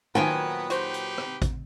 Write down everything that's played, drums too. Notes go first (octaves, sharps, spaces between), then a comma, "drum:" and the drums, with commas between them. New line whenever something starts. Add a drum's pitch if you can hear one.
A#2 D#3 F3 F#3 B3 G5 G#5
D#4 F#4 G4 B4 C5, drum: hi-hat
drum: hi-hat
drum: rim click
drum: kick, hi-hat